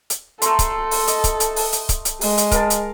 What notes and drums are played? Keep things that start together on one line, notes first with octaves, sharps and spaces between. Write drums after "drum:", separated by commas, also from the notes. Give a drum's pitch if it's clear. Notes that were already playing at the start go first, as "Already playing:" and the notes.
drum: hi-hat
A3 A4 A#5 C6, drum: hi-hat
drum: kick C#1, hi-hat
drum: open hi-hat
D#5, drum: hi-hat
drum: kick C#1, hi-hat
drum: hi-hat
drum: open hi-hat
drum: hi-hat
drum: kick C#1, hi-hat
drum: hi-hat
G#3, drum: open hi-hat
drum: hi-hat
A#4 F5 A5, drum: kick C#1, hi-hat
drum: hi-hat